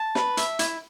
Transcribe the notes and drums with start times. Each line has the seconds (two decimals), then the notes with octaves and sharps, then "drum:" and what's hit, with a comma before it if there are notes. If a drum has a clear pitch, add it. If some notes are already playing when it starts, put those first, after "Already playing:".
Already playing: A5
0.15 B4, drum: snare
0.37 E5, drum: hi-hat
0.59 E4, drum: hi-hat